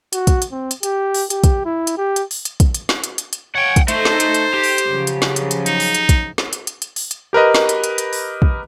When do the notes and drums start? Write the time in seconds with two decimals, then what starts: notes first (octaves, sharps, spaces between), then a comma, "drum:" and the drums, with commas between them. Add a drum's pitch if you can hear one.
0.13 F#4, drum: hi-hat
0.27 drum: kick, hi-hat
0.42 drum: hi-hat
0.52 C4
0.71 drum: hi-hat
0.83 G4, drum: hi-hat
1.14 drum: open hi-hat
1.30 G4, drum: hi-hat
1.44 drum: kick, hi-hat
1.65 E4
1.87 drum: hi-hat
1.98 G4
2.16 drum: hi-hat
2.31 drum: open hi-hat
2.45 drum: hi-hat
2.60 drum: kick, hi-hat
2.74 drum: hi-hat
2.89 drum: snare
3.04 drum: hi-hat
3.18 drum: hi-hat
3.33 drum: hi-hat
3.55 C#5 F#5 G5
3.76 drum: kick, hi-hat
3.88 A3 D#4 A4 C5, drum: hi-hat
4.05 drum: snare
4.20 drum: hi-hat
4.34 drum: hi-hat
4.54 G4
4.64 drum: open hi-hat
4.78 drum: hi-hat
4.89 C#3 F3 F#3
5.07 drum: hi-hat
5.22 drum: snare
5.36 drum: hi-hat
5.51 drum: hi-hat
5.66 D#4, drum: hi-hat
5.80 drum: open hi-hat
5.95 drum: hi-hat
6.09 drum: kick, hi-hat
6.38 drum: snare
6.53 drum: hi-hat
6.67 drum: hi-hat
6.82 drum: hi-hat
6.96 drum: open hi-hat
7.11 drum: hi-hat
7.33 G4 A#4 B4 D#5
7.55 drum: snare
7.69 drum: hi-hat
7.84 drum: hi-hat
7.98 drum: hi-hat
8.13 drum: open hi-hat
8.42 drum: kick